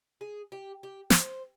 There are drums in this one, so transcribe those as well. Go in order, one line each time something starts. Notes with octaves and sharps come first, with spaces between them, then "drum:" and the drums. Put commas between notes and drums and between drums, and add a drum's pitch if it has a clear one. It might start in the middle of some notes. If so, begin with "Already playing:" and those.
G#4
G4
G4
C5, drum: snare